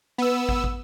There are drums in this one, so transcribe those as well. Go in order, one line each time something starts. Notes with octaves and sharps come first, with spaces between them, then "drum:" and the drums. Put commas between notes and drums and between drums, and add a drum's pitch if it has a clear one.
B3 E6
drum: kick
drum: kick